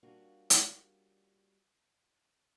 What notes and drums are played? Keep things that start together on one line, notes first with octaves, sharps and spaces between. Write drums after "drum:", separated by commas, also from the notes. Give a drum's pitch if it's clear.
G3 A#3 C#4 D4 F4 F#4
drum: hi-hat